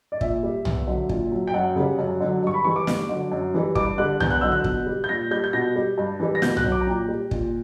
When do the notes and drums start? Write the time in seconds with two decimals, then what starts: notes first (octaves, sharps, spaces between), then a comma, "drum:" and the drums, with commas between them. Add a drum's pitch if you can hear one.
0.12 D5
0.21 A#2 E5, drum: kick
0.43 G3
0.65 E2, drum: tom
0.87 D3 F#3
1.09 A#2, drum: kick
1.32 F#3
1.47 G5
1.54 F#2 F#5
1.76 C#3 G3
1.99 F#2
2.20 D3 F#3
2.43 G2 C#6
2.54 B5
2.65 E3 G3 C#6
2.76 D6
2.87 G2, drum: snare
3.09 D3 F#3
3.32 F#2
3.54 E3 G3
3.75 G2 D6, drum: kick
3.98 D3 G3 F#6
4.20 E2 G6, drum: tom
4.30 F#6
4.41 D3 F#3 E6
4.52 F#6
4.64 B2, drum: kick
4.87 G3
5.04 G6
5.09 A#2 A#6
5.31 G3 G6
5.44 G6
5.53 B2 A#6
5.76 G3
5.98 G2
6.20 E3 G3
6.35 A#6
6.42 B2 G6, drum: snare
6.57 F#6, drum: tom
6.64 F#3
6.72 D6
6.81 A#5
6.87 A#2 G5
7.09 G3
7.31 A#2, drum: kick